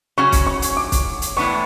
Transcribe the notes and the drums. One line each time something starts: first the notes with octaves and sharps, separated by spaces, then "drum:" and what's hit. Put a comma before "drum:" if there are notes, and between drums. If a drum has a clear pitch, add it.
C#3 F#3 C#4 F#4 C#6
drum: kick, hi-hat
C#6
drum: hi-hat
D6
drum: kick, hi-hat
drum: hi-hat
A2 E3 B3 D4 C#6